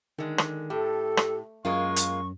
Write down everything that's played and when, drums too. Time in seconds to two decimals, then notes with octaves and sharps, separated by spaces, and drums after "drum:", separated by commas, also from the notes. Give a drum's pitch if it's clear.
0.19 D3 D#3 G#3
0.38 drum: rim click
0.70 A2 G4 A4
1.17 drum: rim click
1.65 F#2 G#3 A#3 F4 C#6
1.96 drum: hi-hat